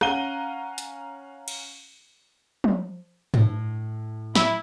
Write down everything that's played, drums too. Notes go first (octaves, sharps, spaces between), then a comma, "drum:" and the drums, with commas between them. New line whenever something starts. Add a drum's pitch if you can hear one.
C#4 F5 F#5 A#5 D#7 G7, drum: rim click
drum: hi-hat
drum: cymbal
drum: tom
A2, drum: tom G2
E4, drum: snare